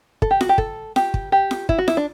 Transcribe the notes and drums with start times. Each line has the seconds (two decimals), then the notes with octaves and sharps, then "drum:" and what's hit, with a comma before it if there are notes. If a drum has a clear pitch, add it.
0.22 A4, drum: kick
0.31 G4
0.41 F#4, drum: snare F4
0.49 G4
0.58 A4, drum: kick
0.96 G4, drum: snare F4
1.14 drum: kick
1.32 G4
1.51 drum: snare F4
1.69 E4, drum: kick
1.78 F#4
1.88 E4, drum: snare F4
1.97 D4